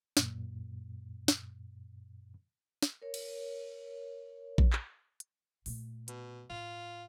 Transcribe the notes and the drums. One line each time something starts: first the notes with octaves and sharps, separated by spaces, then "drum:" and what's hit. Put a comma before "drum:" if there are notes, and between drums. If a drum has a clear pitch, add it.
F#2 A#2, drum: snare
drum: snare
drum: snare
A#4 C#5
drum: cymbal
drum: kick A#1
drum: clap
drum: hi-hat
A#2 A3, drum: open hi-hat
B2, drum: hi-hat
A2 F4